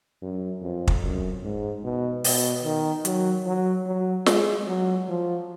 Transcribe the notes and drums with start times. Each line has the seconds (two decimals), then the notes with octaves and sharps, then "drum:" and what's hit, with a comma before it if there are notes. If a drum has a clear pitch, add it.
0.22 F#2
0.61 F2
0.87 drum: kick
1.02 F#2
1.43 G#2
1.84 B2
2.24 B2, drum: open hi-hat
2.64 D#3
3.05 F#3, drum: hi-hat
3.46 F#3
3.87 F#3
4.26 G#3, drum: snare
4.67 F#3
5.08 F3